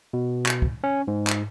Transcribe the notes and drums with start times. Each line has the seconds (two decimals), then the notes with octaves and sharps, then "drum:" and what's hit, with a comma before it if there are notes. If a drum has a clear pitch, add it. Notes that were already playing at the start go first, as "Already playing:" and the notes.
0.13 B2
0.46 drum: clap
0.62 drum: kick
0.84 C#4
1.08 G#2
1.27 drum: clap